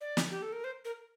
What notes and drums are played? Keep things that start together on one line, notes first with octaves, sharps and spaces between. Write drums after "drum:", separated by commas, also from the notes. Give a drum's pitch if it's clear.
D5
drum: snare
G4
A4
A#4
C5
A#4